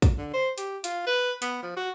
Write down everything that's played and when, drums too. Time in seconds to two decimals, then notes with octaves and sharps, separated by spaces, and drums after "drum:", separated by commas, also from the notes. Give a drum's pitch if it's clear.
0.02 drum: kick, hi-hat
0.18 D3
0.34 C5
0.58 G4, drum: hi-hat
0.84 F4, drum: hi-hat
1.07 B4
1.42 B3, drum: hi-hat
1.63 F3
1.77 F#4